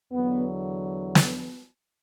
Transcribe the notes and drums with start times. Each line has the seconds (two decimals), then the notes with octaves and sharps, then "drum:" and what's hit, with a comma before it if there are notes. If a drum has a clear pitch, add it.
0.12 E2 D3 F#3 B3
1.15 drum: snare